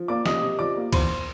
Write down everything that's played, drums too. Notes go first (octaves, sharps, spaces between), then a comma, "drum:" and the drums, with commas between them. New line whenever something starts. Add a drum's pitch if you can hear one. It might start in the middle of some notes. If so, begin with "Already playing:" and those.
Already playing: F3
A#3 D5 D6
C3 D#5 D#6, drum: snare
C3
F3 D5 D6
A#3
E2 C5 C6, drum: kick C#2, cymbal